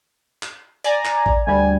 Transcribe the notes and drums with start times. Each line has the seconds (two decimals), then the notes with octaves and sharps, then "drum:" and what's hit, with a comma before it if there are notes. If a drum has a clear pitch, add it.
0.43 drum: clap
0.84 D5 G#5 A#5, drum: hi-hat
1.05 drum: clap
1.26 drum: kick
1.47 D2 G3 G#5